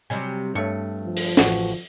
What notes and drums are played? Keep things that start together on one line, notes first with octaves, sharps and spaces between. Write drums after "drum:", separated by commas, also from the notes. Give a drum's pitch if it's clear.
C3 F#3 G3 G#5
G2 A3 C#5
F3
drum: open hi-hat
A1 F#4 F#5, drum: snare